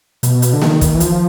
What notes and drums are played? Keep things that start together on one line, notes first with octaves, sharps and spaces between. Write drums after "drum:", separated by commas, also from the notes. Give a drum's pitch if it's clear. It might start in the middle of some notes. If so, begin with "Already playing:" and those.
B2, drum: hi-hat
drum: hi-hat
D3
D#3, drum: snare A#3
drum: kick, hi-hat
E3
F3, drum: hi-hat